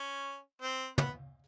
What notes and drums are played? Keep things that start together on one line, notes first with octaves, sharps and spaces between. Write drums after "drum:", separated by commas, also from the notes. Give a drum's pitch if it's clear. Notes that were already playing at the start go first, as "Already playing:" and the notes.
Already playing: C#4
C4
B3, drum: tom